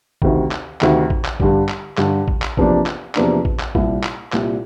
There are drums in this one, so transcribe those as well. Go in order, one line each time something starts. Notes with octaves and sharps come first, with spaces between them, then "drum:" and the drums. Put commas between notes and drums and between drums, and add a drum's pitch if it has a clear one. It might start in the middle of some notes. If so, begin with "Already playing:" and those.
D2 C3 D#3, drum: kick
drum: clap
D2 C3 D#3, drum: clap
drum: kick
drum: clap
G2 D3 G3, drum: kick
drum: clap
G2 D3 G3, drum: clap
drum: kick
drum: clap
E2 C3 F3 A#3 D4, drum: kick
drum: clap
E2 C3 F3 A#3 D4, drum: clap
drum: kick
drum: clap
C2 A#2 G3, drum: kick
drum: clap
C2 A#2 G3, drum: clap